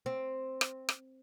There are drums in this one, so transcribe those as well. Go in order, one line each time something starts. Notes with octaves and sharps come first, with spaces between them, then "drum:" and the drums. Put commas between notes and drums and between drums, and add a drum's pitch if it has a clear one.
C4
drum: rim click
drum: rim click